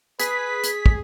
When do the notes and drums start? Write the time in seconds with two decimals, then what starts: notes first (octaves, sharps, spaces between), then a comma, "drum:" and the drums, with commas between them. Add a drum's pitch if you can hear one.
0.19 G#4 B4 B6, drum: hi-hat
0.64 drum: hi-hat
0.86 drum: kick